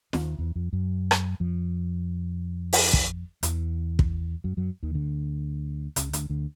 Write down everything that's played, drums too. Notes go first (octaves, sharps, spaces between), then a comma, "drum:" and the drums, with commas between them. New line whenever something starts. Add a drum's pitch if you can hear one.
D#2 D#3, drum: snare
E2 E3
F2 F3
F#2 F#3
drum: rim click
F2 F3
drum: open hi-hat
drum: kick
E2 E3, drum: hi-hat
drum: kick
F#2 F#3
F#2 F#3
D#2 D#3
D2 D3
C#2 C#3, drum: hi-hat
D2 D3, drum: hi-hat
D2 D3